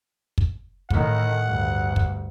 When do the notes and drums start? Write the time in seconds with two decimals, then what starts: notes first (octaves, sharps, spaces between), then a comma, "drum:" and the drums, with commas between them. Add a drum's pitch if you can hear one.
0.38 drum: kick
0.90 A2 D#3 F#5, drum: kick
1.47 D2 G2
1.96 drum: kick